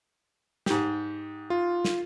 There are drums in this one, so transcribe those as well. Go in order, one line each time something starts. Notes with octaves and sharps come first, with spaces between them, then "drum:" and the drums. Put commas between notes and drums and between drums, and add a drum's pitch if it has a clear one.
G#2 G4, drum: snare
F4
drum: snare